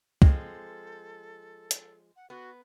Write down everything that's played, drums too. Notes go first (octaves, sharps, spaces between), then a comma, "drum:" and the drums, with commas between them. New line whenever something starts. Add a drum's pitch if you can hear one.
F3 G#3 C4 A4, drum: kick
drum: hi-hat
F#5
B3 F#4